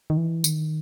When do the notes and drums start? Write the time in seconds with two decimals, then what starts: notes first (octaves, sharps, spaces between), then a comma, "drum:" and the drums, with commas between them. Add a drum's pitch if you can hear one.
0.10 D#3
0.17 E3
0.44 D#3, drum: tambourine